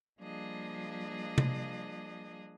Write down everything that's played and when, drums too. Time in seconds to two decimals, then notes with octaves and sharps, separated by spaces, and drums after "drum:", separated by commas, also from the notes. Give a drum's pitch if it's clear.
0.21 F3 G3 A#3 D4 G#4 D#5
1.38 drum: tom C3